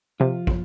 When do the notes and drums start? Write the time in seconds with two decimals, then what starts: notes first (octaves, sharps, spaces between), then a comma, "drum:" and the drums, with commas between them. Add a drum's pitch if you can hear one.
0.20 C3 F3 F4
0.47 drum: kick